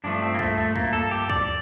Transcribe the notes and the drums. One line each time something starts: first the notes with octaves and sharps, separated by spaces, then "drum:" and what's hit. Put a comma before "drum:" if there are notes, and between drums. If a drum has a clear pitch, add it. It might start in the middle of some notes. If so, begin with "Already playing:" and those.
G2 F3 A3 D4
C4
A#3
A3, drum: kick
A3
A#3, drum: kick
A4
G4
D5, drum: kick